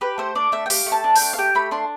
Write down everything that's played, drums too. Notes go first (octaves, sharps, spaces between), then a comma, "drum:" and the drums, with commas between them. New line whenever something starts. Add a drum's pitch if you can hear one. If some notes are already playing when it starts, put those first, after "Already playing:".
G4 B4
A3 C5
D4 D5
A3 E5
G5
G4 F5, drum: open hi-hat
A3
A5
D4
A3 G5, drum: open hi-hat
F5
G4 G5
A3 B5
D4 C6